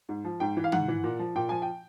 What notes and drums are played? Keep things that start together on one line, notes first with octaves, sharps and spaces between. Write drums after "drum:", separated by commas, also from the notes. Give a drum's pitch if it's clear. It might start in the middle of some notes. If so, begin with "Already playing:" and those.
G#2
F3
G#2 G5
E3
F5
G#2 F#5, drum: tom
E3
A#2
F3
A#2 G5
F3 G#5
G5